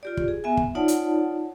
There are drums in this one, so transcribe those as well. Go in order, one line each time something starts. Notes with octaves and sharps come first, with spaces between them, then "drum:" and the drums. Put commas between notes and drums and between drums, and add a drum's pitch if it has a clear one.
F4 G4 D5
drum: kick
G#4
B3 E5 G#5
drum: kick
D#4 F4 C#5 D5 F#5 A5
drum: hi-hat